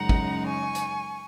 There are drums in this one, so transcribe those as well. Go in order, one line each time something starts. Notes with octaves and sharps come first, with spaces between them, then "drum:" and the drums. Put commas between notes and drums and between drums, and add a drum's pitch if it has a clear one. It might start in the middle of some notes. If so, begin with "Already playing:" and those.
Already playing: F#2 C#3 G#3 D#4 F#5 A#5
drum: kick
G#5 C#6
drum: hi-hat